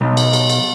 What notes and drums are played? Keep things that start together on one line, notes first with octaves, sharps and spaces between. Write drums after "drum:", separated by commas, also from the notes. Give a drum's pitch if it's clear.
B1
drum: cymbal
drum: cymbal
drum: cymbal